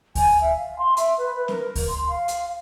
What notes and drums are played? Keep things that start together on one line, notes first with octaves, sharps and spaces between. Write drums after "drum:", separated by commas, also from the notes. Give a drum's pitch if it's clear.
G#5, drum: kick D2, open hi-hat
E5
F5
C6
E5, drum: hi-hat
B4
B4
A#4, drum: snare C4
drum: kick D2, open hi-hat
C6
F5
drum: hi-hat